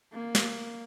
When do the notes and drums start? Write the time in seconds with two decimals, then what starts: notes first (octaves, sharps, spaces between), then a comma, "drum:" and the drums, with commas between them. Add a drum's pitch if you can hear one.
0.14 A#3
0.35 drum: snare